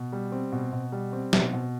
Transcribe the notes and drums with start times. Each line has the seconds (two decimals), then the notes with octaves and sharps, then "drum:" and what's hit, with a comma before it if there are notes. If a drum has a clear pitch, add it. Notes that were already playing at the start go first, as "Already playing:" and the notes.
Already playing: B2
0.13 G3
0.32 C4
0.52 B2
0.72 B2
0.92 G3
1.13 C4
1.33 B2, drum: snare
1.53 B2